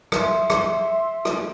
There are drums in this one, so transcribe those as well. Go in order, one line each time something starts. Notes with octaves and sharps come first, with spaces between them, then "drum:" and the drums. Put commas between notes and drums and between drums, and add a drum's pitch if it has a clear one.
E5 C6, drum: rim click
drum: rim click
drum: rim click